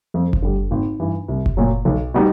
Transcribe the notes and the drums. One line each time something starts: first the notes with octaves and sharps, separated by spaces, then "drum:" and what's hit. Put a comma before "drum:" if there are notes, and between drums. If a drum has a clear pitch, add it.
F2
drum: kick F#1
D3 G3
G#1
G2 E3
C2
drum: kick F#1
A#2 F#3
B1
B2 G3 B3 D#4